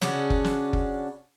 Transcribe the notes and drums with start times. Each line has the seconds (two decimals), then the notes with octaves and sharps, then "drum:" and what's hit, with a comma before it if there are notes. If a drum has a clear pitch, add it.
0.02 C#3 C#4 D4 F#4, drum: snare
0.30 drum: kick F#1
0.44 drum: snare
0.73 drum: kick F#1